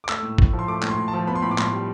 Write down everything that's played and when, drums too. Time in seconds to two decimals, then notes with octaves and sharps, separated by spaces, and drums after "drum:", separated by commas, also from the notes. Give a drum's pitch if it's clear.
0.04 D6
0.09 A3 E6, drum: clap
0.23 A2
0.38 A2, drum: kick G#1
0.53 F3
0.59 C6
0.68 A3 D6
0.83 A2, drum: clap
0.88 C6
0.98 A2
1.08 A5
1.14 F3
1.27 B3 B5
1.35 C6
1.42 A2 B5
1.51 D6
1.58 A2 C6, drum: clap
1.73 G3